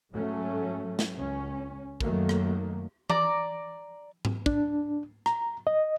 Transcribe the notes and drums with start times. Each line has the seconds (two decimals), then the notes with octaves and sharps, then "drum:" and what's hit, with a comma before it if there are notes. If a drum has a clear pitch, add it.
0.14 G#2 F#3 A3 C#4
0.99 drum: snare
1.16 C#2 C#4
2.01 F#2 D#3 F#3 A3 A#3, drum: kick
2.29 drum: rim click
3.10 D5 A#5, drum: tom E3
4.25 drum: tom G#2
4.46 D4, drum: kick
5.26 A#5, drum: rim click
5.67 D#5